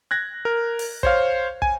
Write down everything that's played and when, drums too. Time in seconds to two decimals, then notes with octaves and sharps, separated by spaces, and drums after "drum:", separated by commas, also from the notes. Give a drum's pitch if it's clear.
0.11 F#6 G#6 A#6
0.45 A#4
0.79 drum: open hi-hat
1.03 C5 C#5 F5, drum: kick
1.62 G#5, drum: kick